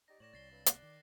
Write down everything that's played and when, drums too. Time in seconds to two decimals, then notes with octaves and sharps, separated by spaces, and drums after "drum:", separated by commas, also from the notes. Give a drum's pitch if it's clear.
0.08 D#4 G4 D5 A#6
0.20 A2 C#5 D5 A#6 E7 F#7
0.33 C2 A6 C7 G7
0.51 G2 F#3
0.66 D5 F#6, drum: hi-hat
0.82 D#3